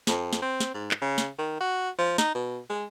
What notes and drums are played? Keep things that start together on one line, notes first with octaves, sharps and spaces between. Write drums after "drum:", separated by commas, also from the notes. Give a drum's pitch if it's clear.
F2, drum: snare
drum: snare
C4
drum: snare
G#2
drum: clap
C#3
drum: snare
D#3
F#4
F3
D#4, drum: snare
B2
G#3